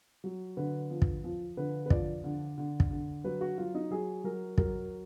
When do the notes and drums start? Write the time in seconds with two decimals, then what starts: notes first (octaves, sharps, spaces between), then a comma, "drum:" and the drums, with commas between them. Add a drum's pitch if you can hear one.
0.24 F#3
0.57 D3 B4
0.90 F3
1.02 drum: kick
1.24 F3
1.57 D3 B4
1.86 B4
1.90 F3 D5, drum: kick
2.24 D3
2.58 D3
2.80 drum: kick
2.91 D3
3.24 F#3 B4
3.41 F#4
3.58 F#3 F4
3.75 D#4
3.91 F#3 G#4
4.24 F#3 A#4
4.58 F#3 A#4, drum: kick